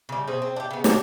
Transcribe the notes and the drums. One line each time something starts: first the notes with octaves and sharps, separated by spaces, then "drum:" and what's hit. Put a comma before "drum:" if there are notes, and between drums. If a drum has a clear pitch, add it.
C#3 G3
B2 C4 G#4
C4
D4 G4
C#3 B3
D3 F#3 D4 G4, drum: snare